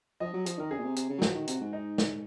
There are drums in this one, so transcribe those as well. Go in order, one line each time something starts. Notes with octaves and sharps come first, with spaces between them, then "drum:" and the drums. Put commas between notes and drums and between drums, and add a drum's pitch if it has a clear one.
F3 D#5
F#3
F3, drum: hi-hat
D#3 A#4
C#3 G#4
A#2
C3
C3, drum: hi-hat
C#3
F#3
F3 F#4, drum: snare
D#3
C3, drum: hi-hat
G#2
D#4
drum: snare